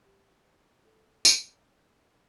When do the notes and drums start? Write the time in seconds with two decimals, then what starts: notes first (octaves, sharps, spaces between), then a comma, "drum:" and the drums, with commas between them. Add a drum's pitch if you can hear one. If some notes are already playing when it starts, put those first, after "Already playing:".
0.05 G4
0.85 A4
1.25 drum: tambourine